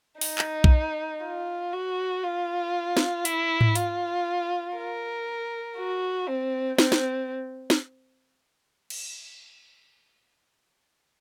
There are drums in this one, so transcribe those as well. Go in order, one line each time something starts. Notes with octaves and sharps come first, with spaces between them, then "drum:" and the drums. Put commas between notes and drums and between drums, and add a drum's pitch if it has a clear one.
D#4, drum: open hi-hat
drum: clap
drum: kick B1
F4
F#4
F4
drum: snare
E4, drum: hi-hat
drum: tom G#2
F4, drum: hi-hat
A#4
F#4
C4
C4, drum: snare
drum: snare
drum: snare
drum: cymbal